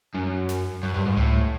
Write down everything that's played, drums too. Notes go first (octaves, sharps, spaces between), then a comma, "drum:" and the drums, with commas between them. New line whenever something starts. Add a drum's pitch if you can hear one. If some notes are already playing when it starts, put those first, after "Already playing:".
F#2
drum: snare
F#2
G2
G#2
A2, drum: tom C#2